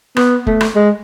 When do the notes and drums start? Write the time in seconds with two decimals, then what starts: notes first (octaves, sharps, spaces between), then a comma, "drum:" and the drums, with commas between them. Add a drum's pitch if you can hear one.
0.16 B3, drum: rim click
0.47 A3, drum: kick
0.61 drum: rim click
0.76 G#3